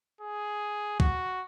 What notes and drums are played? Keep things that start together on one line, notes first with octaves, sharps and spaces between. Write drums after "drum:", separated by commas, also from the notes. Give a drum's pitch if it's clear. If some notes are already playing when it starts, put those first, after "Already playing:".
G#4
F#4, drum: kick